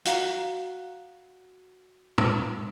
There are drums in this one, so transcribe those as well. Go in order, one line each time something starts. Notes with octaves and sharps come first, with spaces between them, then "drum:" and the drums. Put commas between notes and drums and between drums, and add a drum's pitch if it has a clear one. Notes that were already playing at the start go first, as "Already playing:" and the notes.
F#4 F5 A#5, drum: hi-hat
drum: tom